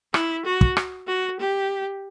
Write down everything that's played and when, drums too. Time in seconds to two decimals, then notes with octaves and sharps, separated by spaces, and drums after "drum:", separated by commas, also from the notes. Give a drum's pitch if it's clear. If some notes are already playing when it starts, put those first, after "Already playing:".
0.14 E4, drum: rim click
0.45 F#4
0.61 drum: kick
0.77 drum: rim click
1.07 F#4
1.40 G4